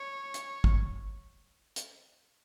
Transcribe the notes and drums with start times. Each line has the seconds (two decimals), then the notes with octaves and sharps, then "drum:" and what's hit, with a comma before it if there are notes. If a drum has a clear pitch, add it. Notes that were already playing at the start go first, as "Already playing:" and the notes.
Already playing: C#5
0.34 drum: hi-hat
0.64 drum: kick
1.76 drum: hi-hat